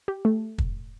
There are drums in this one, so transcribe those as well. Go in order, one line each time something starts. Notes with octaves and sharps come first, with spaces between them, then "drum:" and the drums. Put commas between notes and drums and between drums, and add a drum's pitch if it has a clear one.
G4
A3
drum: kick